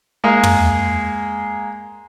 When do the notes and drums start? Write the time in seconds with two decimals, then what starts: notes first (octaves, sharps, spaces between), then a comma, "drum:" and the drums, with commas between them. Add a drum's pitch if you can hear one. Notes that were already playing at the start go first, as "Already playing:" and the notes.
0.24 G#3 A#3 G#4
0.43 drum: tom